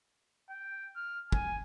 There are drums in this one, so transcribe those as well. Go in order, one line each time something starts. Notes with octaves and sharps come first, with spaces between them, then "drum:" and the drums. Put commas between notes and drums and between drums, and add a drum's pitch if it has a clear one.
G5
F6
G#5, drum: kick